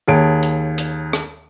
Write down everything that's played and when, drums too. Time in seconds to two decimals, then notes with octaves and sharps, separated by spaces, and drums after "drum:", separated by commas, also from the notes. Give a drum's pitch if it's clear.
0.08 D#2 G#4 C#5 A5 D7
0.43 drum: hi-hat
0.78 drum: hi-hat
1.13 drum: rim click